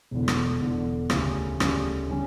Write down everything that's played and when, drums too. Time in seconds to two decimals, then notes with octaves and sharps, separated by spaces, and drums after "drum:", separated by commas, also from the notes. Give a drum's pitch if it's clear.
0.11 E1 E2 D3
0.28 drum: rim click
0.60 E1 E2 D3
1.10 D2 C#3 G3 C#4, drum: rim click
1.60 D2 C#3 G3 C#4, drum: rim click
2.10 D3 G3 C#4